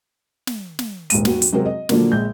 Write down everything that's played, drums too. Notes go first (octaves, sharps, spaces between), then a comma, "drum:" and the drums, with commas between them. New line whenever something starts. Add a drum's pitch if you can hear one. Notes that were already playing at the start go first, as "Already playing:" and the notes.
drum: snare
drum: snare
D#1 G#2 D#7, drum: hi-hat
D#2 F#4, drum: snare
drum: hi-hat
C3 F#3 G#3 C4 F#4 A#4
D#5
A#2 D3 F3 F#3 A#3, drum: snare
A#1 G#3 G6